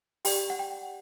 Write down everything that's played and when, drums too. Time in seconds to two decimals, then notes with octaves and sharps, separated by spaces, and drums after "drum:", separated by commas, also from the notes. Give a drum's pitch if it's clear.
0.25 G4 D5 G5, drum: open hi-hat
0.50 F#5
0.59 G5